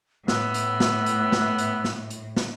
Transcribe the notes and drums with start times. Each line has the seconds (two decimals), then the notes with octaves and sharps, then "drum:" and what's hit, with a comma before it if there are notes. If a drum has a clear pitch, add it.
0.28 A2 B3 E6, drum: snare
0.54 drum: hi-hat
0.80 drum: snare
1.06 drum: hi-hat
1.32 drum: snare
1.58 drum: hi-hat
1.84 drum: snare
2.10 drum: hi-hat
2.37 drum: snare